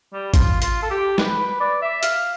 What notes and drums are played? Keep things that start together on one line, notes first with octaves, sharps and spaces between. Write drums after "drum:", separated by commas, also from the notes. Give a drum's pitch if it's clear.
G3
F4, drum: kick G#1, hi-hat
F4, drum: hi-hat
A4
G4
B4, drum: snare
B4
D5
E5
F5, drum: hi-hat